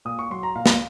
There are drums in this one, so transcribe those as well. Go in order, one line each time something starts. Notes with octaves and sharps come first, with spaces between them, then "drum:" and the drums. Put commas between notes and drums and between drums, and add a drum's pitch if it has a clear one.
A#2 D#6
C#6
F#3 C6
A#5
A#2 F5
drum: snare